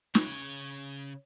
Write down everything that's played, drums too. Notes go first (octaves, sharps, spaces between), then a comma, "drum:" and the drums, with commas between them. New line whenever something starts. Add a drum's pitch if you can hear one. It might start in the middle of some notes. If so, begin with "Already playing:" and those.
C#3 C#5, drum: snare